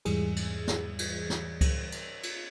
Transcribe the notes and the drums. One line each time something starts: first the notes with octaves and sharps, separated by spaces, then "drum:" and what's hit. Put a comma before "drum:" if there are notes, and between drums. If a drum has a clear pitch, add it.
E2 G#2 E3 G3 G#4, drum: cymbal
drum: cymbal
drum: snare
drum: cymbal
drum: snare
drum: kick C#2, cymbal
drum: cymbal
drum: cymbal